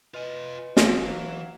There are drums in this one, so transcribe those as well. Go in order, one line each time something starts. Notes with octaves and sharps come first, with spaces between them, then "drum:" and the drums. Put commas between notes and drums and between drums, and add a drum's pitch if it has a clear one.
F4 B4 D#5 G#5
D#2 E3 F#3 F5, drum: snare